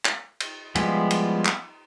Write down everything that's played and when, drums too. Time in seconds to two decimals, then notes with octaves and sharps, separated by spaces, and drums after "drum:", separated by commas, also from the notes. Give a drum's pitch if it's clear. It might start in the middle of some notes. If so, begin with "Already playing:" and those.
0.05 drum: clap
0.40 drum: cymbal
0.75 F3 G3 G#3 B3 E4, drum: cymbal
1.10 drum: cymbal
1.46 drum: clap